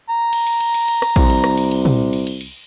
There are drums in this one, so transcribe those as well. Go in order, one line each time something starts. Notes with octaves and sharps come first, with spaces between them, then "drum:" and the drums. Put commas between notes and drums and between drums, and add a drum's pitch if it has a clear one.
A#5
drum: cymbal
drum: cymbal
drum: cymbal
drum: cymbal
drum: cymbal
drum: rim click
C2, drum: kick A#1, cymbal
drum: cymbal
drum: rim click
drum: cymbal
drum: cymbal
drum: tom A#2
drum: cymbal
drum: cymbal
drum: cymbal